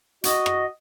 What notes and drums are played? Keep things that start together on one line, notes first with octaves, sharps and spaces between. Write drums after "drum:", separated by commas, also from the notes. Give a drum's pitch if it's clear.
F#4 D#5, drum: hi-hat
drum: rim click